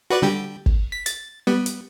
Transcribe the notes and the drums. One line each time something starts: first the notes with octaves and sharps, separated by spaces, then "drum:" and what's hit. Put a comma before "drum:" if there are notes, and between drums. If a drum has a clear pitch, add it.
F#4 B4 D5
D3 G3 G4
drum: kick
B6
A6, drum: hi-hat
G3 B3
drum: hi-hat